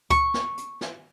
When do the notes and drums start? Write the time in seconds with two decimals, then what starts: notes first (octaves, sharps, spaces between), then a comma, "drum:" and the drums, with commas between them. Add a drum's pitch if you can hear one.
0.10 C#6, drum: kick C#2, hi-hat
0.34 drum: snare
0.57 drum: hi-hat
0.81 drum: snare